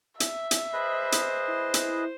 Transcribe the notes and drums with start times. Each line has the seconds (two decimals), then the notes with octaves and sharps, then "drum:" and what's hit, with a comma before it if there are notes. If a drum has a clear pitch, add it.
0.20 E5, drum: hi-hat
0.51 drum: hi-hat
0.73 G#4 B4 C5 D#5 B5
1.12 drum: hi-hat
1.48 E4
1.74 drum: hi-hat